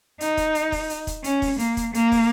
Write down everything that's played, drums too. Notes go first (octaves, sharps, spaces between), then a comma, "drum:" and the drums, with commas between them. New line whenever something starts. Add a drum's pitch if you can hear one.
D#4, drum: hi-hat
drum: kick, hi-hat
drum: hi-hat
drum: kick, open hi-hat
drum: hi-hat
drum: kick, hi-hat
C#4, drum: hi-hat
drum: kick, open hi-hat
A#3, drum: hi-hat
drum: kick, hi-hat
A#3, drum: hi-hat
drum: kick, open hi-hat